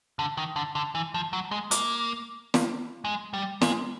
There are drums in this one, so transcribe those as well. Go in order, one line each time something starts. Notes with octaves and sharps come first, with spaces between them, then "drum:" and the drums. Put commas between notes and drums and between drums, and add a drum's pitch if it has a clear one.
D3
D#3
D3
D3
E3
F3
F#3
G#3
A#3, drum: hi-hat
drum: snare
G#3
G3
G#3, drum: snare